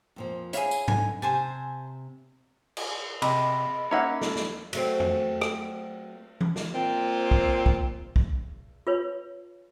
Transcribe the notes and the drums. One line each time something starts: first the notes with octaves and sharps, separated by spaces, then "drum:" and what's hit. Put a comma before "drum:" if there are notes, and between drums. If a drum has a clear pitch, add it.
F2 A#2 F3
E4 G#4 C#5 E5 F5, drum: hi-hat
drum: tambourine
D3 D#4 G#5, drum: tom G#2
C3 C5 G#5 A5
drum: cymbal
C3 D#5 B5, drum: cymbal
A#3 C#4 D#4 C#5 E5 F#5
A4, drum: snare
drum: snare
F#3 A3 C4, drum: cymbal
drum: tom F2
drum: rim click
drum: tom E3
drum: snare
A#2 C4
drum: kick
drum: kick
drum: kick
F4 B4 C#5